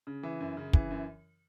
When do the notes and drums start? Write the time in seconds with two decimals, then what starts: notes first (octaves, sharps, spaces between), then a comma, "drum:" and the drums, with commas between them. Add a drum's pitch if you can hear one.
0.07 C#3
0.23 E3
0.40 F#2
0.57 C#3
0.73 E3, drum: kick
0.91 F#2